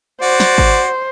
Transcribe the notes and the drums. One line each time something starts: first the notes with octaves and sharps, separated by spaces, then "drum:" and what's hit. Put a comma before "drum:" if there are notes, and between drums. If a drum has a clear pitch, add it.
F#4 C5 D5
drum: snare
drum: kick G#1